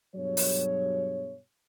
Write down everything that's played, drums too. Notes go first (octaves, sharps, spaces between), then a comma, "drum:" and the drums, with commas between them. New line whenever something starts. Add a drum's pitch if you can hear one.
G2 B2 F#3 G#4 C#5
drum: open hi-hat